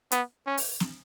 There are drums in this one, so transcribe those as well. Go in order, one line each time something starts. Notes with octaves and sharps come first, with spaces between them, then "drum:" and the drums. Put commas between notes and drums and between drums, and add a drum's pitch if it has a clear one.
B3, drum: hi-hat
C#4
drum: open hi-hat
drum: snare